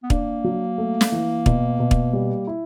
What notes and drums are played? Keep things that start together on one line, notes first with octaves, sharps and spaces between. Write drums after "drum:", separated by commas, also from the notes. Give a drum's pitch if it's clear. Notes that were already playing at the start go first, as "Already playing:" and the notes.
B3
A#3 D4, drum: kick
F#3
A3
drum: snare
E3
B2, drum: kick
B2
drum: kick
G3
E4